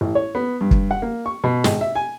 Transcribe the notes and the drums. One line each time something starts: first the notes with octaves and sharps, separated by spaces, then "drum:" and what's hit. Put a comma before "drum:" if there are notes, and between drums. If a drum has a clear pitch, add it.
A1
C#5
B3
G2
drum: kick
F#5
A#3
C#6
B2
G#1, drum: snare
E5
G#5